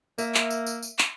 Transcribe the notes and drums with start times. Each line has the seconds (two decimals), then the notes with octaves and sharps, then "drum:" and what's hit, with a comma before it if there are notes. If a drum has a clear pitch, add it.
0.18 A#3 E5, drum: tambourine
0.34 drum: clap
0.50 drum: tambourine
0.67 drum: tambourine
0.83 drum: tambourine
0.99 drum: clap